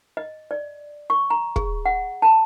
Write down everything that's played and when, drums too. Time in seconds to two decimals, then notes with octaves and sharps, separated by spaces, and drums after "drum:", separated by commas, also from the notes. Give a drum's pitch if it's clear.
0.17 D#5
0.51 D5
1.10 C#6
1.30 A#5
1.56 G#4, drum: kick
1.86 F#5
2.22 A5